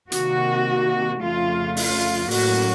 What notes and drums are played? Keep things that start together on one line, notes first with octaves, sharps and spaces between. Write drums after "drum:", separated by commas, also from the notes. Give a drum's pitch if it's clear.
C3 D#3 A#3 F#4, drum: hi-hat
F2 C#3 A3 F4
F4, drum: open hi-hat
A2 F#3 A#3 C#4 F#4, drum: open hi-hat